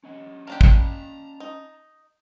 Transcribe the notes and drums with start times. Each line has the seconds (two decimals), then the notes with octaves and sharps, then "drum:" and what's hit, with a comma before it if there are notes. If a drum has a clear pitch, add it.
0.03 C#4 D#5 F#5
0.47 A#3 D4 G4 A5 A#5
0.61 drum: kick
1.40 D#4